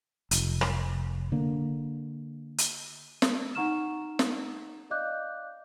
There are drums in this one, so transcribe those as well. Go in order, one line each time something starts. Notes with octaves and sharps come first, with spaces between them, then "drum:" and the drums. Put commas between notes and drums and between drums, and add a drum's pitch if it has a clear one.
F1, drum: hi-hat
drum: rim click
D3 A#3
drum: hi-hat
drum: snare
D#4 F#5 A#5 C#6 F6 E7
drum: snare
D5 D#5 F5 D6 F#6 G6